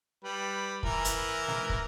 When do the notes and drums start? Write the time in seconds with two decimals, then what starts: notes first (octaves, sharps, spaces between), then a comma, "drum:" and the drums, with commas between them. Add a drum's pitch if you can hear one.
0.24 G3 B4
0.83 E3 A#4, drum: kick
1.05 drum: hi-hat
1.48 drum: snare
1.70 drum: kick